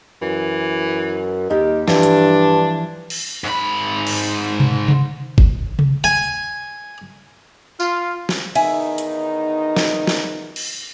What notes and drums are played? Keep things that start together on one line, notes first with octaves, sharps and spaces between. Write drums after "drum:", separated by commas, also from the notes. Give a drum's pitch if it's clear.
F#2 E3
D#2 D#3 D#4 G4
G2 E3 F3 D4, drum: snare
drum: hi-hat
drum: cymbal
G#2 B5
drum: cymbal
drum: tom B2
drum: tom C3
drum: kick G1
drum: tom C3
G#5
F4, drum: tambourine
drum: snare
E2 D#3 D#4 E5 G#5, drum: cymbal
drum: hi-hat
drum: snare
drum: snare
drum: cymbal